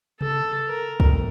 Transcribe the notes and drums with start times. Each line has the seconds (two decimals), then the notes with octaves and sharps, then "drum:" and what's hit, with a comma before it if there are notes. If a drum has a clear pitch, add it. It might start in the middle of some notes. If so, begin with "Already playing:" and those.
0.21 A4, drum: tom C3
0.69 A#4
1.00 drum: kick